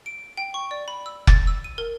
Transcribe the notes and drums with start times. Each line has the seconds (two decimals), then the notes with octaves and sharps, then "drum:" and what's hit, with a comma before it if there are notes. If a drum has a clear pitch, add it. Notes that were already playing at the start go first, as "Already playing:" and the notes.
0.06 D7
0.37 G5
0.54 C#6
0.71 D5
0.88 B5
1.06 E6
1.27 A6, drum: kick F1
1.47 E6
1.64 D#7
1.78 A#4